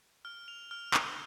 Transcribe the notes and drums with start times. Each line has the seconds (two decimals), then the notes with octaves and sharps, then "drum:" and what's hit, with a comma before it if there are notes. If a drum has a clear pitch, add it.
0.25 F6
0.48 F7
0.71 F6
0.94 F6, drum: clap